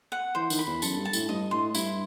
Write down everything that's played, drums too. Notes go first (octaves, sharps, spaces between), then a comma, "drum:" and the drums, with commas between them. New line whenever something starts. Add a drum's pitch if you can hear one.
F#5
E3 C5
D#3, drum: tambourine
B5
E2
F#2 A4, drum: tambourine
G2
A5
A2, drum: tambourine
G2 D#5
A2 C6
G2 E4, drum: tambourine